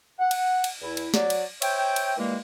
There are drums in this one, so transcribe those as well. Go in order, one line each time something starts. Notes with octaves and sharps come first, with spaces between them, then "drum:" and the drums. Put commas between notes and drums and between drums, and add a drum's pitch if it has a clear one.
F#5
drum: cymbal
drum: cymbal
E2 E4
drum: cymbal
F#3 D5, drum: snare
drum: cymbal
C5 C#5 E5 G5, drum: cymbal
drum: cymbal
A#2 E3 G3 G#3 A#3